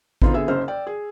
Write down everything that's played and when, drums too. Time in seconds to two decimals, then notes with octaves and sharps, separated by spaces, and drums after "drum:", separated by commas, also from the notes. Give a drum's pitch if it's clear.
0.22 D3 B3 C4 D#4 F4, drum: kick A1
0.33 D3 B3 G#4 E5 E6
0.48 F#1 F#2 C5 F6
0.68 D5 G5
0.87 G#4